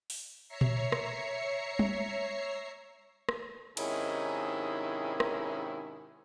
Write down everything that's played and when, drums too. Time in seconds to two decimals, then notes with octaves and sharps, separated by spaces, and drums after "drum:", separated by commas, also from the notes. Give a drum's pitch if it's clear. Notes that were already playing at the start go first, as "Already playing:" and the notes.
0.10 drum: open hi-hat
0.48 C#5 E5 A#5 C7 C#7
0.61 drum: tom A#2
0.92 drum: rim click
1.79 drum: tom
3.29 drum: rim click
3.77 G#2 C3 D#3 C#4 E4 G#4, drum: cymbal
5.20 drum: rim click